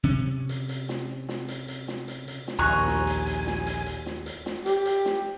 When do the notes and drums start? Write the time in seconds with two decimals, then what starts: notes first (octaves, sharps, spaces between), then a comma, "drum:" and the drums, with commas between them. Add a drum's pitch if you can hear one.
0.04 C3 C#4
0.49 drum: hi-hat
0.69 drum: hi-hat
0.89 drum: snare
1.29 drum: snare
1.48 drum: hi-hat
1.68 drum: hi-hat
1.88 drum: snare
2.08 drum: hi-hat
2.28 drum: hi-hat
2.48 drum: snare
2.59 A#1 D#2 G#5 A#5 C#6 F#6
2.87 drum: snare
3.07 drum: hi-hat
3.27 drum: hi-hat
3.47 drum: snare
3.67 drum: hi-hat
3.86 drum: hi-hat
4.06 drum: snare
4.26 drum: hi-hat
4.46 drum: snare
4.66 G4, drum: hi-hat
4.86 drum: hi-hat
5.05 drum: snare